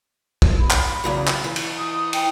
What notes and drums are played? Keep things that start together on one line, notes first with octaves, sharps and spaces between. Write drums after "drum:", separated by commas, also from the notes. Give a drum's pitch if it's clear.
drum: kick
B5
drum: clap
E2 C#3 F#3
drum: clap
E3
drum: cymbal
D#6
G5, drum: cymbal